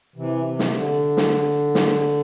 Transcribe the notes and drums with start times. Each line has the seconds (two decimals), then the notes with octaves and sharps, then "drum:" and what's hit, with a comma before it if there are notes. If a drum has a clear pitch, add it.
0.16 C3 E3
0.44 C3
0.59 drum: snare
0.74 D3
1.17 drum: snare
1.75 drum: snare